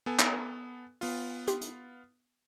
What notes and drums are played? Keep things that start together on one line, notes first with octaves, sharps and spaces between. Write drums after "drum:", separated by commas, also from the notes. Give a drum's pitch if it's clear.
B3 A4 G#5
drum: clap
B3 F4, drum: open hi-hat
G4 C6, drum: hi-hat
drum: hi-hat